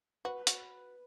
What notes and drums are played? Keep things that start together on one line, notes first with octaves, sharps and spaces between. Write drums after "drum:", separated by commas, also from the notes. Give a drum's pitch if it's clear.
F#4 B4
F#4, drum: hi-hat